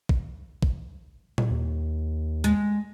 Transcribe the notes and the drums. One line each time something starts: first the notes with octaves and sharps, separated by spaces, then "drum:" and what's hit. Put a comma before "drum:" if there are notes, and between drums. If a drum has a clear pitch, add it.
drum: kick
drum: kick
drum: tom A#2
D#2
G#3, drum: hi-hat